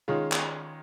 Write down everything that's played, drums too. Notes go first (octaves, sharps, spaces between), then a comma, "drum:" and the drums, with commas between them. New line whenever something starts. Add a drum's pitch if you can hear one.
D#3 G#3 C#4 F4
drum: clap